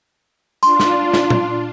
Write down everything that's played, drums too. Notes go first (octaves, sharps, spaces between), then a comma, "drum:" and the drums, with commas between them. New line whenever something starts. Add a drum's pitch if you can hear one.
D4 F4 C6, drum: tambourine
drum: snare
drum: snare
drum: tom A#2